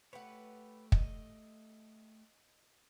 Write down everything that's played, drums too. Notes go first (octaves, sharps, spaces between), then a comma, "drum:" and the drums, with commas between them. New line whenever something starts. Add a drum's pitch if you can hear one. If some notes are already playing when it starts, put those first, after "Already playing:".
A3 G4 B4 C#5 F#5
D#5, drum: kick